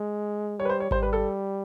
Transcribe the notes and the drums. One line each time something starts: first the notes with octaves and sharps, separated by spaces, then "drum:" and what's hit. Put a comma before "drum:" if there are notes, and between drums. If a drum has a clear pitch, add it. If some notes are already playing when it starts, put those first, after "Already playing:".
Already playing: G#3
G3 C#5
B4
C5
C#5
G3 C5, drum: kick G#1
B4
A4